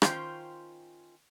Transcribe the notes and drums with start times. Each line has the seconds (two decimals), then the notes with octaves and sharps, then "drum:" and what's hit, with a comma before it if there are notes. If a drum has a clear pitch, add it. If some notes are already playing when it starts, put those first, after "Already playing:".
0.02 D#3 C#4 F4 C5 F5 G5, drum: rim click